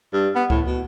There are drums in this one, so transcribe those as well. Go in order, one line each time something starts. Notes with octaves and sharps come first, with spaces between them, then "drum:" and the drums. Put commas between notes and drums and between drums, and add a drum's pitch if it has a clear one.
G2
B3
A2, drum: kick C#2
B2